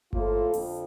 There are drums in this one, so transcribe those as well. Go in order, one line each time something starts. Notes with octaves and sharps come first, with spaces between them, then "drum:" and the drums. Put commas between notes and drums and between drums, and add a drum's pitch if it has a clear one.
A2 F3 A#3 F4 A4, drum: kick G1
F2 D3 F3, drum: open hi-hat